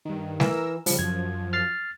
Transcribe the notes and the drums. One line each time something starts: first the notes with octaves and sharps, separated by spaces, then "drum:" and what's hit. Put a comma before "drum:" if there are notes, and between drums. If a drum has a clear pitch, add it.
G2 D#3
E3 A#4 E6, drum: snare G3
C#3 F3 G3, drum: open hi-hat
F#2 F3 G#6
F6 A6 C7